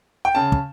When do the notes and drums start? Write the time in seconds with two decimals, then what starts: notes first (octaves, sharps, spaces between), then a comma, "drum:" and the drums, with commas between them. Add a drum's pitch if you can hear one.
0.25 G5
0.35 C#3 A5
0.52 drum: kick